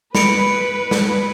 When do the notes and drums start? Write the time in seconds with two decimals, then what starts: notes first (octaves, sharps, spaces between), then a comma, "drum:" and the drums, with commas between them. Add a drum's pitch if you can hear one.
0.15 B4 B5 C#7 D7, drum: snare
0.91 drum: snare